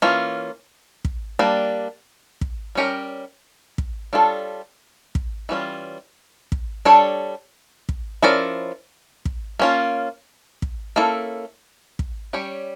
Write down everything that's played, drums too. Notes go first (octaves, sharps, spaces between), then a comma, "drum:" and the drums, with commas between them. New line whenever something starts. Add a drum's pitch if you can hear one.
E3 A#3 C#4 F4
drum: kick
G3 A#3 D4
drum: kick
G3 C#4 G4 A#4
drum: kick
G3 D4 F4 A4 C#5
drum: kick
E3 G3 C#4 F4
drum: kick
G3 D4 A4 C#5
drum: kick
F3 C#4 E4 A#4 D5
drum: kick
A#3 C#4 F4
drum: kick
A#3 C#4 E4 A4
drum: kick
G3 C#4 G4 C#5